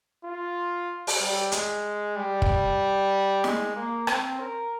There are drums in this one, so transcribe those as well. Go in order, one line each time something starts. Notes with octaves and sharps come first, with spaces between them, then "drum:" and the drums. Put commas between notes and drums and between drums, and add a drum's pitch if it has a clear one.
F4
drum: open hi-hat
G3
G#3, drum: hi-hat
G3
drum: kick
G#3, drum: snare
A#3
C4, drum: rim click
A#4